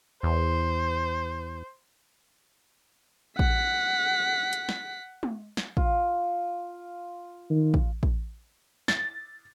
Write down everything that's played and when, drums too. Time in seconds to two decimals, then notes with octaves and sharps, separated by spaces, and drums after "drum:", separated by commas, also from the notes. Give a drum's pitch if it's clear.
0.23 E2 C5
3.39 F#5 B6, drum: kick A1
4.53 drum: hi-hat
4.69 drum: snare
5.23 drum: tom
5.57 drum: snare
5.77 F4, drum: kick A1
7.50 D#3
7.74 drum: kick A1
8.03 drum: kick A1
8.88 A6, drum: snare